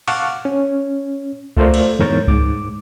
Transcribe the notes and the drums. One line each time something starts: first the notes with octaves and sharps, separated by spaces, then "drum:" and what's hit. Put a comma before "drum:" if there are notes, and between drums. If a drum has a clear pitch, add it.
F5 F#5 A5 C#6 D6 F6, drum: open hi-hat
C#4
A3 F4 A4 A#4 C5 D5, drum: kick C#2
drum: cymbal
E2 G#2 A#4 C#5 G6 A6
G#2 D6, drum: kick C#2